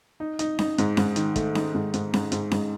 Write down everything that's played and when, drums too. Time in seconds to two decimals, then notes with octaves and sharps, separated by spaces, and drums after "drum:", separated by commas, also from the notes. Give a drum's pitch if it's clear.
0.20 D#4
0.39 D#4, drum: hi-hat
0.59 D#4, drum: snare C#4
0.78 G#2, drum: hi-hat
0.97 G#2, drum: snare C#4
1.16 D#3, drum: hi-hat
1.36 A3, drum: kick, hi-hat
1.55 D#4, drum: snare C#4
1.75 G#2
1.94 G#2, drum: hi-hat
2.14 G#2, drum: snare C#4
2.32 G#2, drum: hi-hat
2.51 G#2, drum: snare C#4